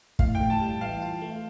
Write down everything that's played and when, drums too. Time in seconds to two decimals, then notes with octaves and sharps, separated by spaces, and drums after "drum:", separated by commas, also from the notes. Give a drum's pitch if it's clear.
0.19 A2 F5, drum: kick
0.35 G5
0.40 A2
0.50 A5
0.61 G3
0.81 E3 F5
1.02 F4
1.22 A3